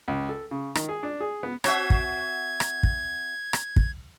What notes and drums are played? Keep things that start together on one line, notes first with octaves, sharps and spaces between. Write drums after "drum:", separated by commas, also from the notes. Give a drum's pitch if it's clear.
C#2
A4
C#3
D#3, drum: rim click
G#4
D4
G#4
B3
C4 F#4 E5 G#6, drum: rim click
drum: kick
drum: rim click
drum: kick
drum: rim click
drum: kick